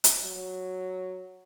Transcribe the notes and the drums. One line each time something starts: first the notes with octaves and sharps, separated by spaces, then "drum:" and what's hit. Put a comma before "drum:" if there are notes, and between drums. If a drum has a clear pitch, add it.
drum: hi-hat
F#3